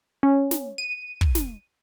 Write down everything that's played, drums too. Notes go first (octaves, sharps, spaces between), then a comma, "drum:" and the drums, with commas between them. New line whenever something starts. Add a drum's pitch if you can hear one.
C#4
drum: snare
D#7
drum: kick
drum: snare